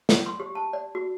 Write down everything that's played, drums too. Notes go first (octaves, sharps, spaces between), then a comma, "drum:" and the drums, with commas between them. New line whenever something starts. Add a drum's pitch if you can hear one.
D5, drum: snare
C6
G4
A5
D5
F#4